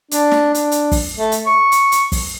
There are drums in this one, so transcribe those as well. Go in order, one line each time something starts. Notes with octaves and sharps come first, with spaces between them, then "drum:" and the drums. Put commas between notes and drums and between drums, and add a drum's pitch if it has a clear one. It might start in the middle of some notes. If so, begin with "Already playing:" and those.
D4, drum: hi-hat
drum: snare
D4, drum: hi-hat
drum: hi-hat
drum: kick, open hi-hat
A3
drum: hi-hat
C#6
drum: hi-hat
drum: hi-hat
drum: kick, open hi-hat